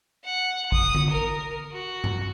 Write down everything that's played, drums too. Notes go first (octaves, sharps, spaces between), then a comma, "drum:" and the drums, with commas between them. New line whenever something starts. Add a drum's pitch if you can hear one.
F#5
D#6, drum: kick
drum: tom D3
A#4
F#4
drum: tom G2